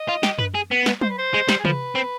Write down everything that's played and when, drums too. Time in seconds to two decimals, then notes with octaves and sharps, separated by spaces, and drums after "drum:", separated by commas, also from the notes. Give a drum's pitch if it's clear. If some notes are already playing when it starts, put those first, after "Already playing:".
Already playing: D#5
0.08 F4
0.23 G4, drum: snare
0.39 B4, drum: tom F#2
0.54 G#4
0.71 B3
0.86 drum: snare
1.01 C5, drum: tom F#3
1.10 B4
1.18 C5
1.34 G#3
1.49 G3, drum: snare
1.59 G#4
1.65 F3 B4, drum: tom
1.96 C4